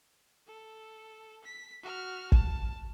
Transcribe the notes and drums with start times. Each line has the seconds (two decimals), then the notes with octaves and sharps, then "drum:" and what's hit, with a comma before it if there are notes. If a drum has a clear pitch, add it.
0.47 A4
1.44 B6
1.82 F#4 F6
2.32 A5, drum: kick